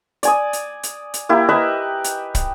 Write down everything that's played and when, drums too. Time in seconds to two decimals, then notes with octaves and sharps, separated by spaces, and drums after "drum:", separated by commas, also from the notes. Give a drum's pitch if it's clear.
0.23 D5 G#5 D#6, drum: hi-hat
0.53 drum: hi-hat
0.83 drum: hi-hat
1.14 drum: hi-hat
1.29 A#3 E4 G4
1.49 B4 D#5 E5 A#5
2.04 drum: hi-hat
2.35 drum: kick, hi-hat